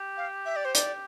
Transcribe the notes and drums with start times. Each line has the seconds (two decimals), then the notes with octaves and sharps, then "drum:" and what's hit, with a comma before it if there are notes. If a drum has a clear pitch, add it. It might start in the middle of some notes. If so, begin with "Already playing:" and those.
Already playing: G4
0.17 F5
0.46 E5
0.56 D5
0.65 C5
0.75 D5, drum: hi-hat